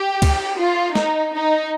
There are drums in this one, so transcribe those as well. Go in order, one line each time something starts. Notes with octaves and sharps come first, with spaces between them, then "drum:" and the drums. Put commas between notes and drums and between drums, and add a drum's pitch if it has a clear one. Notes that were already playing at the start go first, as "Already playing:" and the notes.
Already playing: G4
drum: kick, cymbal
F4
D#4, drum: snare
D#4